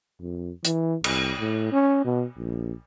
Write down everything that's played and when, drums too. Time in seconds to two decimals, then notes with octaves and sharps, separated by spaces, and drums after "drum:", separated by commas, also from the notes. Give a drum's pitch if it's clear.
0.20 F2
0.65 E3, drum: hi-hat
1.04 C2, drum: cymbal
1.39 A2
1.72 C#4
2.05 B2
2.38 A#1